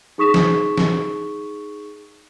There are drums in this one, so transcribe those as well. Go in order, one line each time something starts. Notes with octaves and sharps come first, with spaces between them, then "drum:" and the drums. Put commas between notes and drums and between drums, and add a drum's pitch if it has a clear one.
D#4 G#4 C#6 D#6 B6 E7
drum: snare
drum: snare